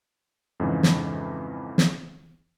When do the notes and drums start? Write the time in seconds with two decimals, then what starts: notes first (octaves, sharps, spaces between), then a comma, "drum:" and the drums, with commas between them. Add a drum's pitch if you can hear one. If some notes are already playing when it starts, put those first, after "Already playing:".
0.60 F2 G#2 C#3 E3
0.83 drum: snare
1.78 drum: snare